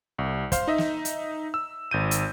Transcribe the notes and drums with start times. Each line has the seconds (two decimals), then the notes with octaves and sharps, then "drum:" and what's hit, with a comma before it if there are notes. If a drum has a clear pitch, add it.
0.18 C2
0.52 C5 F5 C6, drum: kick, hi-hat
0.68 D#4 D#5 E5
0.78 drum: snare
1.05 drum: hi-hat
1.54 E6
1.91 G#1 G6 D#7
2.11 drum: hi-hat